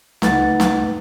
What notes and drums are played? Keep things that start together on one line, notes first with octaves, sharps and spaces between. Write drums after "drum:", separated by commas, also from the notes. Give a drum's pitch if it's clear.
C#2 A3 D#4 B4 F#5 A6, drum: snare
drum: snare